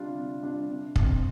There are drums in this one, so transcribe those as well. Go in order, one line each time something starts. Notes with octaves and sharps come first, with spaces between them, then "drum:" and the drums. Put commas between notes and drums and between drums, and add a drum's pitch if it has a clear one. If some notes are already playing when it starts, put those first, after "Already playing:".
Already playing: C3 G3 D4 F4
C3
G3 D4 F4
C3
G3 C4, drum: kick